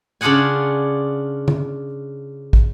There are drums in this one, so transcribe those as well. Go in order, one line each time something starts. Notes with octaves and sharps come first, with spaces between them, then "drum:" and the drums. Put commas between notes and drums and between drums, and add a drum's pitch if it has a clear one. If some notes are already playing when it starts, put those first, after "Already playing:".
C#3 D4 F4 G#4 F#5 G#5
drum: tom D3
drum: kick